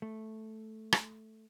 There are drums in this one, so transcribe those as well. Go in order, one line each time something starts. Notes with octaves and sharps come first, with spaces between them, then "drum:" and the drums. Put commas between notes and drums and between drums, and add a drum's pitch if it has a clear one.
A3
drum: rim click